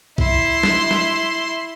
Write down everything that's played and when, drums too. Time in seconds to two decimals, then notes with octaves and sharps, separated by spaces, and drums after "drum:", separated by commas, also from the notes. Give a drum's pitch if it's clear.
0.18 E4 C6, drum: kick
0.63 drum: snare
0.91 drum: snare